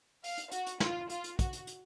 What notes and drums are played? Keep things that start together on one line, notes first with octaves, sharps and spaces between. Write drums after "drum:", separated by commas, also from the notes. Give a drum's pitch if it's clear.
F5, drum: open hi-hat
drum: hi-hat
F#4, drum: hi-hat
drum: hi-hat
F4, drum: snare
F4, drum: hi-hat
drum: hi-hat
F#4, drum: kick, hi-hat
drum: hi-hat
drum: hi-hat